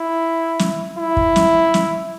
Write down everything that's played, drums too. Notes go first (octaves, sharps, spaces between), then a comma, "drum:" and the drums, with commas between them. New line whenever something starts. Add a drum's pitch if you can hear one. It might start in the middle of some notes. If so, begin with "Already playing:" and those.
Already playing: E4
drum: snare
E4
drum: kick
drum: snare
drum: snare